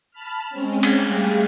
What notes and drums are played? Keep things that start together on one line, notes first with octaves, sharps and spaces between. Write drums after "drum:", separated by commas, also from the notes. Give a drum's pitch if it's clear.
A5 B5 F6
G#3 C4 C#4
drum: cymbal
G3 A3 G#4 F5 G5